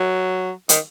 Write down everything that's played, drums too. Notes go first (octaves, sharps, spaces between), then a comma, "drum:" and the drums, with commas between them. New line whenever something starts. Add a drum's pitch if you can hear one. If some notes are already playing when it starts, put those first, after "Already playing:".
Already playing: F#3
D#3, drum: hi-hat